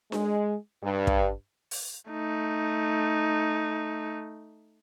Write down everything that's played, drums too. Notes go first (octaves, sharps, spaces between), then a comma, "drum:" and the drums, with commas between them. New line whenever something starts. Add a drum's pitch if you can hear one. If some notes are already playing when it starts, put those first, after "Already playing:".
G#3, drum: snare D4
G2
drum: kick
drum: open hi-hat
A3 D#4